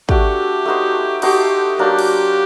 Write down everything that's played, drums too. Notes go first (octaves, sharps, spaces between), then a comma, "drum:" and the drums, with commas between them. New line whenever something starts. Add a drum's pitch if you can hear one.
A3 D4 F#4 G4, drum: kick
A3 D#4 F#4 C5
A3 D#4 F#4 G4 C5, drum: cymbal
F#3 A#3 D4 G4
drum: cymbal